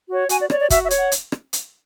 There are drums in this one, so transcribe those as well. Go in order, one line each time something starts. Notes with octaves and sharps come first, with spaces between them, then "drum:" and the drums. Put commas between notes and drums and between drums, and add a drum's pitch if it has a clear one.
F#4 C#5
F#4 G#5, drum: hi-hat
D5
C#5 D5, drum: rim click
D5
F#4 E5, drum: kick, hi-hat
E5
C#5, drum: hi-hat
F#5
drum: hi-hat
drum: rim click
drum: hi-hat